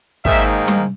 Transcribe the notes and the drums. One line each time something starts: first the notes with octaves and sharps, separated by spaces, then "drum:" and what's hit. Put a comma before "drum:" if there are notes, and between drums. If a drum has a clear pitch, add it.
G#2 D#3 A#3 E5, drum: kick
drum: tom G3